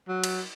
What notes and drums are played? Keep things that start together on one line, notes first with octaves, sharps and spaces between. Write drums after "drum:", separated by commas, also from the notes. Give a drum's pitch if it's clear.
F#3
drum: cymbal